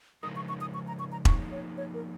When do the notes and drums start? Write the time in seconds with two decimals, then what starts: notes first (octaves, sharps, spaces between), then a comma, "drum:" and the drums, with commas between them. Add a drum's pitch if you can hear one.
0.23 C#3 F3 G#3 D#4 A#4 D#6
0.36 C#6
0.49 C#6
0.61 D#6
0.74 C#6
0.88 A#5
0.99 C#6
1.12 A#5
1.25 F3 A#3 D#4 G#4 C#6, drum: kick E1
1.51 C#5
1.77 C#5
1.94 A#4